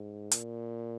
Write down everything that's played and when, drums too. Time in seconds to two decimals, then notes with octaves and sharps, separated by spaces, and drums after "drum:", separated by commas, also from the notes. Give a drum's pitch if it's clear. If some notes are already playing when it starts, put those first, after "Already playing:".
Already playing: G#2
0.31 A#2, drum: hi-hat